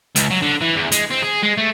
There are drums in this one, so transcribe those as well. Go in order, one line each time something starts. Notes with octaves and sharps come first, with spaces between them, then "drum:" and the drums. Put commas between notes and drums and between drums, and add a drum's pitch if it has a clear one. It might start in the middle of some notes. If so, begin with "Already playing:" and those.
C#2, drum: hi-hat
F#3
D3
E3
E2
G#3, drum: hi-hat
C4
G#4
G#3
A3